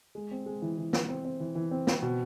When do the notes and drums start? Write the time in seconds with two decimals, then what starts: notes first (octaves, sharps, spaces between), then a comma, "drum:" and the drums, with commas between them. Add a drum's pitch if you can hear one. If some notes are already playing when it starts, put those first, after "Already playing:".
0.15 G#3
0.31 C4
0.46 G#3
0.62 E3
0.78 E3
0.93 E3, drum: snare
1.08 C4
1.25 C4
1.40 E3
1.55 E3
1.71 C4
1.87 C4, drum: snare
2.02 B2